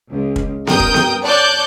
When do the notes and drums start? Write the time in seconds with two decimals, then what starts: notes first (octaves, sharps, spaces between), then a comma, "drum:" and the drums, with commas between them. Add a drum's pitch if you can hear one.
0.10 C#2
0.36 drum: kick
0.67 G2 A#4 G5 D#6 G6, drum: snare B3
0.80 drum: kick
0.94 drum: snare B3
1.24 C#5 D5 A5 D6 F#6 G6